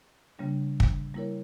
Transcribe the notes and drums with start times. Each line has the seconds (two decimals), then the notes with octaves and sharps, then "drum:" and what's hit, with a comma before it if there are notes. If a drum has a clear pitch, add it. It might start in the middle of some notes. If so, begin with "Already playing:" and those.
0.39 C#3 G3 A#3 D4
0.80 drum: kick
1.14 G3 A#3 E4 A#4 C#5